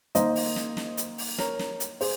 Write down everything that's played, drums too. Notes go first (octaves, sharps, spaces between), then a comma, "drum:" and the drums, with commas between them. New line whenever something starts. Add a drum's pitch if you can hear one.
D#3 A#3 C5 D#5, drum: hi-hat
drum: open hi-hat
drum: snare
drum: snare
drum: hi-hat
drum: open hi-hat
A#4 C#5, drum: snare
drum: snare
drum: hi-hat
G#4 C5, drum: open hi-hat